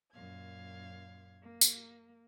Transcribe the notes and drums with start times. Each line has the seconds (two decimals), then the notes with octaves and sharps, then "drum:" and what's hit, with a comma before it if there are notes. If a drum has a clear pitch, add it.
0.12 F#2 A#2 F5 G#6
1.43 A#3
1.61 drum: tambourine